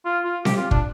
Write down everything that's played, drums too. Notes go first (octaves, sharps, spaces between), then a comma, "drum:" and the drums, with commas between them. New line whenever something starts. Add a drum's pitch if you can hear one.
F4
F4
G4, drum: snare C4
F4
D4, drum: kick